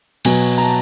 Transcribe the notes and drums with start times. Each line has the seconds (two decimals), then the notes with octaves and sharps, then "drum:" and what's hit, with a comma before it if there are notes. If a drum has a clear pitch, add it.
0.25 B2 F#3 B3 G#5, drum: cymbal
0.58 A#5
0.62 A5